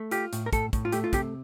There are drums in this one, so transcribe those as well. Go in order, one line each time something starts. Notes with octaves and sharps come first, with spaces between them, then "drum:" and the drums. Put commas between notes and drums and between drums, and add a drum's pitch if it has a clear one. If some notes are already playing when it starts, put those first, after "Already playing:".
Already playing: A3
F4 G4, drum: hi-hat
A2, drum: hi-hat
A#4
A2 A4, drum: kick, hi-hat
A2, drum: kick, hi-hat
F4
A3 G4, drum: hi-hat
F4
C3 G4, drum: kick, hi-hat